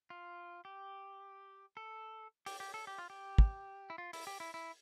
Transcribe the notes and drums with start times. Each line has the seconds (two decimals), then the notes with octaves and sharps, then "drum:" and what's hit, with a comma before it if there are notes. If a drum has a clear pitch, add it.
0.10 F4
0.65 G4
1.77 A4
2.46 G4, drum: open hi-hat
2.60 G4
2.74 A4
2.87 G4
2.98 F4
3.10 G4
3.38 drum: kick
3.90 E4
3.98 F4
4.13 E4, drum: open hi-hat
4.27 G4
4.40 E4
4.54 E4